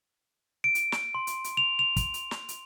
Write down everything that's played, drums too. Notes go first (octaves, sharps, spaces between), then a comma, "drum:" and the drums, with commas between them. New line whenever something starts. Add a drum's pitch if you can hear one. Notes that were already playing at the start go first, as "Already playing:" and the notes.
D7
drum: hi-hat
drum: snare
C6
drum: hi-hat
drum: hi-hat
F7
F7
drum: kick, hi-hat
drum: hi-hat
drum: snare
drum: hi-hat